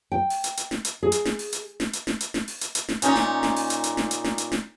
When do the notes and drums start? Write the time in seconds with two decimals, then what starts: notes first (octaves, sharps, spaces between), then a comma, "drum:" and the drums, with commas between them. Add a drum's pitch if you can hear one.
0.12 G5
0.30 drum: open hi-hat
0.44 drum: hi-hat
0.57 drum: hi-hat
0.71 drum: snare
0.85 drum: hi-hat
1.03 G#4
1.12 drum: hi-hat
1.25 drum: snare
1.39 drum: open hi-hat
1.53 drum: hi-hat
1.80 drum: snare
1.93 drum: hi-hat
2.07 drum: snare
2.21 drum: hi-hat
2.34 drum: snare
2.48 drum: open hi-hat
2.61 drum: hi-hat
2.75 drum: hi-hat
2.88 drum: snare
3.02 A#2 C#4 D#4, drum: hi-hat
3.16 drum: snare
3.43 drum: snare
3.56 drum: open hi-hat
3.70 drum: hi-hat
3.84 drum: hi-hat
3.97 drum: snare
4.11 drum: hi-hat
4.24 drum: snare
4.38 drum: hi-hat
4.52 drum: snare